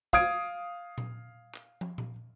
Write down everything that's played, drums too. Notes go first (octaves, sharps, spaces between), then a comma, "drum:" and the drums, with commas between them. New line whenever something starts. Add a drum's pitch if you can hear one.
F5 D#6 G#6 D7, drum: kick
drum: tom A#2
drum: clap
drum: tom
drum: tom A#2